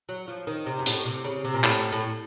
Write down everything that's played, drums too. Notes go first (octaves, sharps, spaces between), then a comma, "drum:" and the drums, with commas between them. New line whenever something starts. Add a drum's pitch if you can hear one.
F#3
F3
D#3
C3
F#2
A2, drum: hi-hat
C3
C#3
C3
A#2
A2, drum: clap
A2